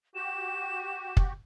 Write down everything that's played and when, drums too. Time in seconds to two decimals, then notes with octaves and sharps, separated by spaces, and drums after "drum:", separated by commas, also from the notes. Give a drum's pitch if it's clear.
0.15 F#4 G4 E7
1.17 drum: kick